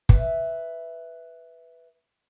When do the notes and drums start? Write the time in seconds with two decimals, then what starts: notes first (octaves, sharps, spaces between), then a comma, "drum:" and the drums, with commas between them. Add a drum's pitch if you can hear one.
0.09 B4 E5, drum: kick